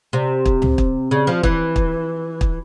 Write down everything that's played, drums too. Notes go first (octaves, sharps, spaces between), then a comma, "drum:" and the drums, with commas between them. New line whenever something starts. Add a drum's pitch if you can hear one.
C3
drum: kick
drum: tom C#2
drum: kick
C#3
F3
E3, drum: kick
drum: kick
drum: kick